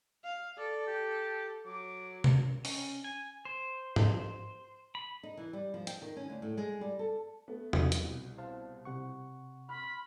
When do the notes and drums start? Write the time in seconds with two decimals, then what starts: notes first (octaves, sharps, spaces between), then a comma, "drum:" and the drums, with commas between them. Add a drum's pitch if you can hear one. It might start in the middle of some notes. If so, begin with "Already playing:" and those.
0.24 F5
0.58 A4 D5
0.87 G4
1.66 F#3 D6
2.24 drum: tom C3
2.65 C#4, drum: open hi-hat
3.04 G#5
3.45 C5
3.96 drum: tom G#2
4.95 B5
5.23 D#4
5.37 E3
5.53 G3
5.74 F3
5.87 G5, drum: hi-hat
6.02 D#3
6.17 C#4
6.29 D2
6.42 A2
6.57 G#3
6.81 G3
6.99 A4
7.48 A3 B3
7.73 drum: tom
7.92 drum: hi-hat
8.03 C2 B2
8.38 C5 F5 A5
8.85 C3 F#5 C#6
9.69 B5 C6 F6